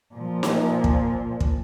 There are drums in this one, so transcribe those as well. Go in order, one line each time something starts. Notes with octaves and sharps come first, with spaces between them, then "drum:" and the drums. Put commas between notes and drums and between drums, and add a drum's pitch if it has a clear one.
A#2 F3
drum: snare
drum: kick
drum: kick